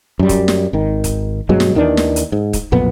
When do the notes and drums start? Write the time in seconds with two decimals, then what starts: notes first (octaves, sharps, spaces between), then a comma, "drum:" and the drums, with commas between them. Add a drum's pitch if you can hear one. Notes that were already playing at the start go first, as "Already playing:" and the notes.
0.19 F#2 G3
0.29 drum: kick, hi-hat
0.48 drum: snare
0.73 G#1 D#3
1.04 drum: kick, hi-hat
1.49 G2 B2 F#3 G#3
1.60 drum: snare
1.75 D#2 D#3 E3 D4
1.97 drum: snare
2.16 drum: hi-hat
2.32 G#2
2.53 drum: kick, hi-hat
2.72 B1 F2 A#2 B3